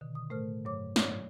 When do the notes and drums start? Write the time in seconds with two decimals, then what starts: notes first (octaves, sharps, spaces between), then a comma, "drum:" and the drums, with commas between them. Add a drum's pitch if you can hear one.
0.01 B2 D3 D#3
0.15 D#6
0.30 A2 A3 A#4 C5 F6
0.65 G2 F#3 C#5 D6
0.96 C#5 D5 D6 D#6, drum: snare
1.10 G#2 F#3